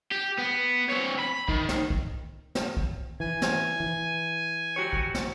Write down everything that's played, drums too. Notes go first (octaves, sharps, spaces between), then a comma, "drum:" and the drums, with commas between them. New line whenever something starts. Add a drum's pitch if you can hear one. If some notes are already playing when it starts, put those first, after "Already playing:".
G4
B3
C4 C#5
B5
D#3, drum: kick
drum: snare
drum: kick
drum: snare
drum: kick
E3 G#5
drum: snare
E3
F#4 G4 C#5
drum: kick
drum: snare